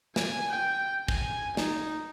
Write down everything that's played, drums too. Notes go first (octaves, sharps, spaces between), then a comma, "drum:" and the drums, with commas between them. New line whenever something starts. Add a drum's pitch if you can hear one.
G#5, drum: snare
G5
G#5, drum: kick
D#4, drum: snare